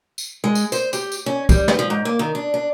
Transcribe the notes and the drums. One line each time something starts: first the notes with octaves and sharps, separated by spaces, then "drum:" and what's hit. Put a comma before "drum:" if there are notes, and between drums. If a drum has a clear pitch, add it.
drum: tambourine
G#3
drum: tambourine
C5, drum: tambourine
G4, drum: tambourine
drum: tambourine
C#4
G3, drum: kick, tambourine
drum: snare
F3
G#2
A#3
D#3
D4
D4